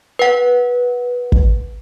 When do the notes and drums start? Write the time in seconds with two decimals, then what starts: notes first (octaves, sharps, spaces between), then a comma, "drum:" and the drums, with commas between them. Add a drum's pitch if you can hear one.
0.19 B4 F#5
1.32 drum: kick